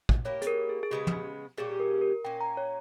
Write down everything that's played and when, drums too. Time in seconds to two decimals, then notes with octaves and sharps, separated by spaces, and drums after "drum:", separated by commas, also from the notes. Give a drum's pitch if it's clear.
0.09 drum: kick
0.25 A#3 E4 G4 C#5
0.42 G#4, drum: hi-hat
0.47 A#4
0.69 G#4
0.83 G#4
0.91 C#3 G#3 B3 G4
1.07 drum: tom
1.58 A#2 G3 C#4 G4 G#4
1.80 A#4
2.01 A#4
2.25 A#2 A#3 C#4 G5
2.41 A#5
2.57 C#5